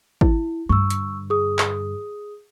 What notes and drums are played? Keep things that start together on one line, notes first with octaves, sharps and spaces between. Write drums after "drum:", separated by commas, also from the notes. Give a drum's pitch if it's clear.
E4, drum: kick G#1
G2 D3 C#6 E6
drum: hi-hat
G#4 D#6
drum: clap